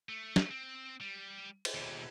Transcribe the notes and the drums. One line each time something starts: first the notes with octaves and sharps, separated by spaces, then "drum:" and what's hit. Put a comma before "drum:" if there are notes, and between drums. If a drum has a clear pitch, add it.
A3
drum: snare
C4
G3
drum: cymbal
D#2 B2